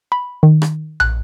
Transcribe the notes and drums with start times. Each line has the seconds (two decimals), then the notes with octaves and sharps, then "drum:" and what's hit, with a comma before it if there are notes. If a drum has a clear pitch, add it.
0.12 B5
0.43 D#3
0.62 drum: rim click
1.00 F#6, drum: tom A#1